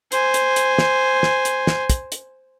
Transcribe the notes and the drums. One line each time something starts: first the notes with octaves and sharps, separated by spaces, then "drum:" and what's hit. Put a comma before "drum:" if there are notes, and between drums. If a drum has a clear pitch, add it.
C5 G#5, drum: hi-hat
drum: hi-hat
drum: hi-hat
drum: snare
drum: snare
drum: hi-hat
drum: snare
drum: kick, hi-hat
drum: hi-hat